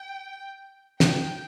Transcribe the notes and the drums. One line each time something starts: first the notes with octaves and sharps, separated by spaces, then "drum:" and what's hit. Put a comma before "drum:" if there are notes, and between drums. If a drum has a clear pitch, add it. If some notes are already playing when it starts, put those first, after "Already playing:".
Already playing: G5
G5, drum: snare